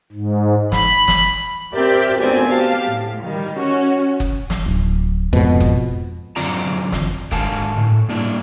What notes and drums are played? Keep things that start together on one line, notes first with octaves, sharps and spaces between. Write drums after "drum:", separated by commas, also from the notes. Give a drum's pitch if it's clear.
G#2
B5, drum: snare
drum: snare
C4 G4 A#4 D5 E5 G5
G#1 D2 B3 C4 D5 G#5
G4 F5 A5
A2
D#3 G3
C#4 F#4
drum: kick F#1
drum: snare
D1
F2 G#2 B2, drum: hi-hat
drum: kick F#1
F#2 D3 C4 F4 D5 A#5, drum: open hi-hat
drum: snare
G#2 D3 A#4 F5 G#5 A5, drum: kick F#1
A2
G2 A#3 D4 E4